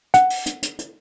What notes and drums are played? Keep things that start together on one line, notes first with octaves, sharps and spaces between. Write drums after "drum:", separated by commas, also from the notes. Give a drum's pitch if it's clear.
F#5, drum: hi-hat
drum: open hi-hat
drum: hi-hat
drum: hi-hat
drum: hi-hat